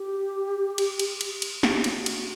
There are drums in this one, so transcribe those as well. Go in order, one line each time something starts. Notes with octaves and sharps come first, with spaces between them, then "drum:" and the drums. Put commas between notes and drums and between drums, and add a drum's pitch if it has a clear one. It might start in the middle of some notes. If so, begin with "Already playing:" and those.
Already playing: G4
drum: cymbal
drum: cymbal
drum: cymbal
drum: cymbal
G4, drum: snare
F#4, drum: cymbal
F#4, drum: cymbal